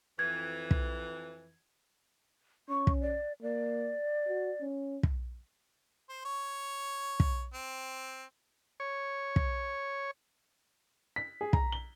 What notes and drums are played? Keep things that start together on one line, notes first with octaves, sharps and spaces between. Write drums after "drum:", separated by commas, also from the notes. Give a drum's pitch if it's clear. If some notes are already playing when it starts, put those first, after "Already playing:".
F2 E3 G#6
drum: kick
C#4 C#6
drum: kick
D5
A#3 D5
F#4
C#4
drum: kick
C5
C#5
drum: kick
C4
C#5
drum: kick
B6
G#4
A#5, drum: kick
G7